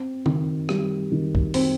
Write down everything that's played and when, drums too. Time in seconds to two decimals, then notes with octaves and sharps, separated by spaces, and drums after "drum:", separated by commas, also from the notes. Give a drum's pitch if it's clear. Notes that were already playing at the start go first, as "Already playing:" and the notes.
Already playing: C4
0.26 D#3, drum: tom C#3
0.69 G3, drum: rim click
1.12 D#3
1.35 drum: kick
1.54 C4, drum: open hi-hat